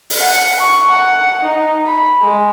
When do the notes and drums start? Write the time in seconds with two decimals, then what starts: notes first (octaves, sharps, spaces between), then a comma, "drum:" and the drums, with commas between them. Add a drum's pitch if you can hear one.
0.10 drum: open hi-hat
0.20 F#5
0.60 C#6
0.90 F#5
1.43 D#4
1.86 B5
2.21 G#3